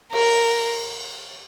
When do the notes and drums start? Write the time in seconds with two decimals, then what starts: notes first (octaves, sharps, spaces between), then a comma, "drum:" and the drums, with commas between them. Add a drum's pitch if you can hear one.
0.13 A#4, drum: cymbal